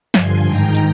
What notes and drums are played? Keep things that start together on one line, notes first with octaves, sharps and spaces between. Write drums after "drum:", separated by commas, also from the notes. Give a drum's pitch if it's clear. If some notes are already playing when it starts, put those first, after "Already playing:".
G2 D3 F3 G#5 C6, drum: snare
G#2 D#3 G5 A#5
drum: hi-hat